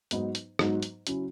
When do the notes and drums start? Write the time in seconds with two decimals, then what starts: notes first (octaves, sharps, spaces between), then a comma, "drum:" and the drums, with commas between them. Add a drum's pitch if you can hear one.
0.11 G#2 F#3 B3 D#4, drum: hi-hat
0.35 drum: hi-hat
0.59 G#2 F#3 B3 D#4, drum: rim click
0.83 drum: hi-hat
1.07 C#3 F#3 C#4 E4, drum: hi-hat